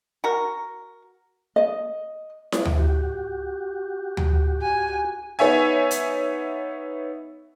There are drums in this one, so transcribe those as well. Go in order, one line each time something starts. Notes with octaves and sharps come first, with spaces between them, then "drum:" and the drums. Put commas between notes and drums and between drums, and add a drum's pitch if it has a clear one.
F#4 A#4
D#5
drum: snare E4
drum: tom D2
F#4 G4
drum: tom D2
G#5
B3 D#4 C#5 E5 G#5
drum: hi-hat